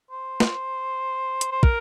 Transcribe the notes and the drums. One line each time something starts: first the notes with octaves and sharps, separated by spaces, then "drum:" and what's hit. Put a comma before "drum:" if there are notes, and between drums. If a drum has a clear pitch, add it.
C5
drum: snare
drum: hi-hat
C5
A#4, drum: kick